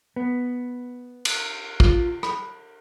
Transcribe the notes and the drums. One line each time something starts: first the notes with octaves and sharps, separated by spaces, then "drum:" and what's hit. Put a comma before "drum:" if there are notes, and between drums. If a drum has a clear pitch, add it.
B3
drum: cymbal
F4, drum: kick
B5, drum: rim click